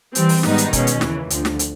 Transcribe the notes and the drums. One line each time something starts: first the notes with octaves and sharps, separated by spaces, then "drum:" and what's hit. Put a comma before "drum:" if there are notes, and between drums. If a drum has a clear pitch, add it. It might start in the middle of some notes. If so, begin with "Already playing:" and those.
E3 G3 C4, drum: hi-hat
drum: open hi-hat
G#2 D#3 G3 B3 D#4, drum: snare
drum: hi-hat
B2 G#3 C#4, drum: kick, hi-hat
drum: hi-hat
D#2 C#3 E3, drum: snare
D2 D3 F3, drum: hi-hat
drum: snare
drum: hi-hat